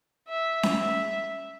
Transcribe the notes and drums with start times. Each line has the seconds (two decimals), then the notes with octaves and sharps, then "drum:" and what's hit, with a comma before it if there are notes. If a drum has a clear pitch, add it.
0.28 E5
0.63 drum: snare C#4
0.80 E5